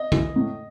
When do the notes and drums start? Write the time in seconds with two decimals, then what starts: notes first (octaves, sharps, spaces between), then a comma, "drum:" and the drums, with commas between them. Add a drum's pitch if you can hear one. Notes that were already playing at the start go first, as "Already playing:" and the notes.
Already playing: D#5
0.12 E3, drum: kick
0.36 A2